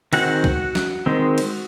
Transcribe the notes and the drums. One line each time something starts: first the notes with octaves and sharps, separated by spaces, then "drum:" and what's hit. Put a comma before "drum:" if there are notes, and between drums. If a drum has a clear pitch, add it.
D#3 G#3 C4 F#4 F#5, drum: cymbal
drum: kick C2
drum: snare
D#3 G#3 C4
drum: cymbal